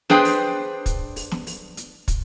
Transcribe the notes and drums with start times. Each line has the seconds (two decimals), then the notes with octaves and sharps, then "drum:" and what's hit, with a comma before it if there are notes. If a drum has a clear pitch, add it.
0.10 D4 G#4 B4 C5 G5, drum: snare
0.25 drum: open hi-hat
0.86 drum: kick, hi-hat
1.16 drum: open hi-hat
1.31 drum: snare
1.47 drum: open hi-hat
1.77 drum: hi-hat
2.08 drum: kick, hi-hat